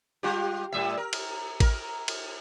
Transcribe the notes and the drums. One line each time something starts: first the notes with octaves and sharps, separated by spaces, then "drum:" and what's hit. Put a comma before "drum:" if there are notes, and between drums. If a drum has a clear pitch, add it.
G3 F4 G4
A2 G3 E5
A#4
drum: cymbal
A#4, drum: kick A1, cymbal
drum: cymbal